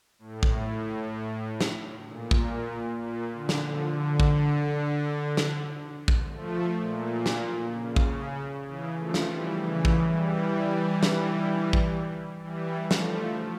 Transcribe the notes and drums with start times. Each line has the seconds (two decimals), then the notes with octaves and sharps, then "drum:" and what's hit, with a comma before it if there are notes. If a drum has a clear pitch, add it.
0.19 A2
0.43 drum: kick
1.61 drum: snare
2.08 A#2
2.31 drum: kick
3.02 A#2
3.33 D3
3.49 drum: snare
3.64 D3 F3
3.96 D3
4.20 drum: kick
5.37 drum: snare
6.08 drum: kick
6.32 F3 A3
6.78 A#2
7.26 drum: snare
7.73 C#3
7.96 drum: kick
8.67 C#3 E3
8.98 F3 A3
9.14 drum: snare
9.29 E3 G3
9.61 C#3 E3
9.85 drum: kick
10.08 E3 G3
11.03 drum: snare
11.73 drum: kick
12.43 E3 G3
12.91 F3 A3, drum: snare